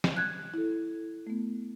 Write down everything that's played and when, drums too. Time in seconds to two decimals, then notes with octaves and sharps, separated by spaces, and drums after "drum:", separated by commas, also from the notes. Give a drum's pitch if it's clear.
0.04 drum: snare
0.17 F#6 G#6
0.54 E4 A4
1.27 A3 B3